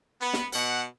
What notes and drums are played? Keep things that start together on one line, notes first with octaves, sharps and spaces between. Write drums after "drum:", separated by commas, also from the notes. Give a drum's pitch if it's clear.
B3
drum: snare
B2 F#5, drum: hi-hat